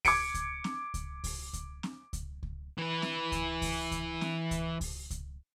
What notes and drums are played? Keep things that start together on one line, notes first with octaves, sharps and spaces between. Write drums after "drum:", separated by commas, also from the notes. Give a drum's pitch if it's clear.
D6 G#6 C#7 D7, drum: kick C#2, open hi-hat
drum: kick C#2, hi-hat
drum: snare C4
drum: kick C#2, hi-hat
drum: kick C#2, open hi-hat
drum: kick C#2, hi-hat
drum: snare C4
drum: kick C#2, hi-hat
drum: kick C#2
E3 B4
drum: snare C4
drum: kick C#2, hi-hat
drum: kick C#2, open hi-hat
drum: kick C#2, hi-hat
drum: snare C4
drum: kick C#2, hi-hat
drum: kick C#2, open hi-hat
drum: kick C#2, hi-hat